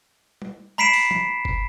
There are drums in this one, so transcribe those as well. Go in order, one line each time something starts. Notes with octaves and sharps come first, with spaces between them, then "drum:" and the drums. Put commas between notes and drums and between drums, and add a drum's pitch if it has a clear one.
drum: tom G3
A#5 B5 B6 C7 D7 E7
drum: open hi-hat
drum: tom E3
drum: kick F#1